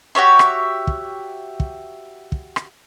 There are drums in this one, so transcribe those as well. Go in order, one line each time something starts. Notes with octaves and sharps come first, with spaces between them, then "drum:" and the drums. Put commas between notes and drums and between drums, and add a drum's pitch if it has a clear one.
F#4 G4 C#5 E5
drum: rim click
drum: kick
drum: kick
drum: kick
drum: rim click